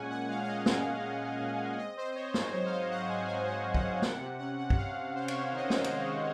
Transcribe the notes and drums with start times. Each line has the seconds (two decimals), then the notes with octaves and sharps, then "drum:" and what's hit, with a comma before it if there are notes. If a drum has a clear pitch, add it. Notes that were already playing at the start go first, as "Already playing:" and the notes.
Already playing: A#2 G#3 C#4 F#5 G#5
0.10 A#2 F#5
0.29 G#3 F5
0.44 F5
0.48 A#2 D#5
0.66 A#2 F5, drum: snare
0.85 G#3
1.03 C#4
1.22 A#2
1.41 A#2
1.60 G#3
1.78 C4 D#5
1.97 C4 C5
2.15 C4 C#5
2.34 G#2 C5, drum: snare
2.53 F#3 C#5
2.66 F5
2.71 G#2 D#5
2.90 G#2 F#5
3.09 G#2 G#5
3.28 F#3 G#5
3.46 G#2 F#5
3.65 G#2
3.74 F#5, drum: kick
3.84 C4
4.02 C3 F#5, drum: snare
4.21 C3 F#5
4.39 C#4 F#5
4.58 C3 F#5
4.70 F#5, drum: kick
4.77 C#4 F5
4.95 C#4
5.14 C#4 C5
5.28 C#5, drum: cymbal
5.33 C#4
5.52 D#3 D#5
5.70 C3 F5, drum: snare
5.84 G#3 C5, drum: cymbal
6.07 D#3